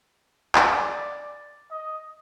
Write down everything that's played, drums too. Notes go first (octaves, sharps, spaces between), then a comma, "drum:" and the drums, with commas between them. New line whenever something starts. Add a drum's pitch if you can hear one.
D5, drum: clap
D#5